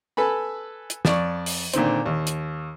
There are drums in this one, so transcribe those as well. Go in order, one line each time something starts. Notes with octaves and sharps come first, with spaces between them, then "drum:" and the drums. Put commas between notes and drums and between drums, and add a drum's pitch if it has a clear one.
A4 B4 G#5 B5
drum: hi-hat
F2 D5 C#6, drum: snare
drum: open hi-hat
A#2 D3 D#3 C4, drum: hi-hat
D#2
drum: hi-hat